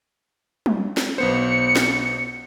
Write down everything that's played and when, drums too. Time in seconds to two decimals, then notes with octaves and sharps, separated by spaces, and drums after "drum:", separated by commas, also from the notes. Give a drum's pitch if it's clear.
0.66 drum: tom
0.97 drum: snare
1.18 B1 B3 C5 C#7
1.76 drum: snare